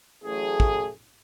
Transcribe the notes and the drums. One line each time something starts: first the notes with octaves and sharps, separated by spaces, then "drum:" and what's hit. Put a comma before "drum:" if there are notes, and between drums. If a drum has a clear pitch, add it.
A1 A2 F#3 A3 G#4
drum: kick